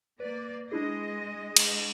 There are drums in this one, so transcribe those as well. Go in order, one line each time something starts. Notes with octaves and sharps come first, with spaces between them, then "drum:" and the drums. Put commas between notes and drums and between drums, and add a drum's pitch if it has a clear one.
A#3 B4 D5
G#3 D4 E4 G#4 D#5
drum: cymbal